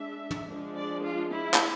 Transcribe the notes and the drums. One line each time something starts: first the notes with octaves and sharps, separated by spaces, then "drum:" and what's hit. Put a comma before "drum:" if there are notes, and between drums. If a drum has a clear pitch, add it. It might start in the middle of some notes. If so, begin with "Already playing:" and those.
Already playing: G#3 D4 E5
drum: tom
F3 G#3 D4
D5
F4
E4
drum: clap